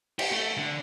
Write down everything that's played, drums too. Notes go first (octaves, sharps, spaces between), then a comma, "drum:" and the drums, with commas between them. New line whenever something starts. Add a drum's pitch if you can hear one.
G4, drum: cymbal
A3
D3